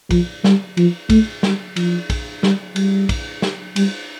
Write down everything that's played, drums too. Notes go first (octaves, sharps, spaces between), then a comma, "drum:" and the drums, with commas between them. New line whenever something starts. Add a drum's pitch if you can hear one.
F3, drum: kick, cymbal
G3, drum: snare
F3, drum: cymbal
A3, drum: kick, cymbal
G3, drum: snare
F3, drum: cymbal
drum: kick, cymbal
G3, drum: snare
G3, drum: cymbal
drum: kick, cymbal
drum: snare
G3, drum: cymbal